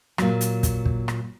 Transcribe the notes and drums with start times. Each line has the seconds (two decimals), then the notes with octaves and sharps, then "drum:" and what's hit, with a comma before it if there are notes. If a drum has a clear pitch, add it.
0.18 A#2 F#3, drum: rim click
0.41 drum: hi-hat
0.63 drum: kick, hi-hat
0.86 drum: kick
1.08 drum: rim click